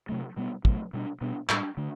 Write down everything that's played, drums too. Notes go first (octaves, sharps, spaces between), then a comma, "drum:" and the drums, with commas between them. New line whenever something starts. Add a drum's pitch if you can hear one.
C3 F#3 A3
B2 G3 B3
B2 F#3 A3, drum: kick
B2 G3 D4
B2 G3 B3 D4
A2 G3 D4, drum: clap
D3 A3 D4